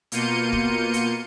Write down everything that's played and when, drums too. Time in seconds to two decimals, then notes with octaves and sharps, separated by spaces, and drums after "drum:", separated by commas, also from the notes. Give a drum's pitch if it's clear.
0.12 B2 A#3 F4 G6 C#7 D#7, drum: hi-hat
0.53 drum: kick
0.93 drum: hi-hat